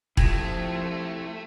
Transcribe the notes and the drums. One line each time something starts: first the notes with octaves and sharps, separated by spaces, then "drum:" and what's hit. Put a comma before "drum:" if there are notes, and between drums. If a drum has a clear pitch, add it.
F3 A3 E4 G4 G5 G#6 A#6, drum: kick E1